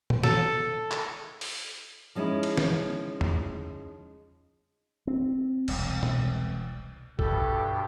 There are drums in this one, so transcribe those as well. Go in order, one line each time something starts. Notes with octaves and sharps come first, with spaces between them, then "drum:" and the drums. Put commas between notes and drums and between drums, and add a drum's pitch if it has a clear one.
drum: tom
A4, drum: snare
drum: clap
drum: open hi-hat
F3 G#3 C#4 D#4 E4
drum: cymbal
drum: snare
drum: tom E2
C4
E1 C2, drum: cymbal
drum: tom B2
G2 B2 G4 A4, drum: kick